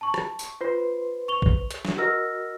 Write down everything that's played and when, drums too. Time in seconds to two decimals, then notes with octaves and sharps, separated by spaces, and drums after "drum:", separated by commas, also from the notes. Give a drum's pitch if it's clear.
0.01 A5 C#6
0.14 drum: rim click
0.39 drum: tambourine
0.61 F4 B4 C5 C6
1.28 C#6 F7 G7
1.42 drum: kick
1.71 drum: hi-hat
1.85 drum: snare
1.98 F#4 A#4 D#5 E6 F6 A#6